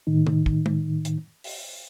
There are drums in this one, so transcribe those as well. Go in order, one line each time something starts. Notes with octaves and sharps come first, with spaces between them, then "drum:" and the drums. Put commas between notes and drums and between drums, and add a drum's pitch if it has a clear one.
A2 D#3 D#4
drum: tom
drum: kick
drum: tom
drum: hi-hat
drum: open hi-hat